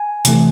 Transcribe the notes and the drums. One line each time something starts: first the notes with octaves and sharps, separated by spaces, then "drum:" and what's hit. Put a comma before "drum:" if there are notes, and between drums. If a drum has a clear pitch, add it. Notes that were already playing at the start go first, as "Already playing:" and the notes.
Already playing: G#5
C3 E3 A3, drum: hi-hat